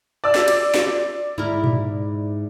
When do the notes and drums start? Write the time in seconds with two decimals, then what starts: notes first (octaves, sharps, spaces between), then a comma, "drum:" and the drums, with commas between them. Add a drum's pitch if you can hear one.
0.24 D5 E6
0.35 drum: snare
0.48 drum: cymbal
0.74 drum: snare
1.38 G#2 E4 A#4
1.64 drum: tom A#2